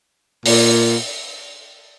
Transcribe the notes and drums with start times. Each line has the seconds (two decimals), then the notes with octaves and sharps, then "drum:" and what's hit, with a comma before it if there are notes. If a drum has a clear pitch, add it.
0.46 A#2, drum: open hi-hat